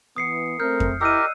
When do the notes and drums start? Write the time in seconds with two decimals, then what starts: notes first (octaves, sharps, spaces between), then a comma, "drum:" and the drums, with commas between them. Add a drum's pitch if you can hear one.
0.16 E3 B3 D#6 C7 C#7
0.60 A3 C4 A#4 F6 G6
0.80 drum: kick F2
1.01 E4 G4 A#4 D5 D#5 E6 F#6 D#7